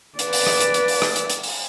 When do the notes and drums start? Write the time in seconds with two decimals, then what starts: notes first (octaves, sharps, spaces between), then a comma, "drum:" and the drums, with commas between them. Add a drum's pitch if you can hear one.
0.19 B4 D5, drum: hi-hat
0.33 drum: open hi-hat
0.47 drum: rim click
0.60 drum: hi-hat
0.74 drum: hi-hat
0.88 drum: open hi-hat
1.02 drum: rim click
1.16 drum: hi-hat
1.30 drum: hi-hat
1.43 drum: open hi-hat